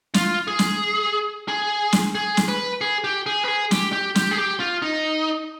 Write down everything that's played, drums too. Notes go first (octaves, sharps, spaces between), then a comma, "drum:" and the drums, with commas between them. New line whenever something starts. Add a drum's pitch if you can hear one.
F4, drum: snare
G#4
drum: snare
G#4
drum: snare
G#4
drum: snare
B4
G#4
G4
G#4
B4
G#4
G4, drum: snare
G4
G4, drum: snare
G#4
G4
F4
D#4